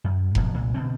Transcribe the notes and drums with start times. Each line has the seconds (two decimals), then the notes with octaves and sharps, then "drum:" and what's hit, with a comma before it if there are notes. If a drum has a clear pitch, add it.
0.04 F#2
0.35 G#2 B2 F3 F#3, drum: kick F1
0.54 C2 A#2
0.74 B2 D3 C4